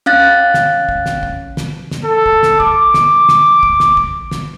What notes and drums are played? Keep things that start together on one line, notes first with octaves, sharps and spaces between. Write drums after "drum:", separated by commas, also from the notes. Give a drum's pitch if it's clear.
C#4 F5 F#6 A6
drum: snare
drum: kick
drum: snare
drum: kick
drum: snare
drum: snare
A4
drum: kick
drum: snare
D6, drum: kick
drum: snare
drum: snare
drum: kick
drum: snare
drum: kick
drum: snare